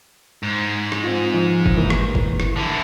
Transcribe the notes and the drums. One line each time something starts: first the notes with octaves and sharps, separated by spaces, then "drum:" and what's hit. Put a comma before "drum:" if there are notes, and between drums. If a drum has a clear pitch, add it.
G#2
drum: rim click
C4 F4
F3
drum: kick
E3 A#3
drum: rim click
drum: kick
drum: rim click
D3 E4